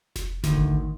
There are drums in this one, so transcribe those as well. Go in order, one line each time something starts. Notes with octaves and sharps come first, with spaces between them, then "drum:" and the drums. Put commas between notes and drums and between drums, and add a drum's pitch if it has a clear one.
drum: snare F1
D2 D#3, drum: snare F1
drum: kick G#1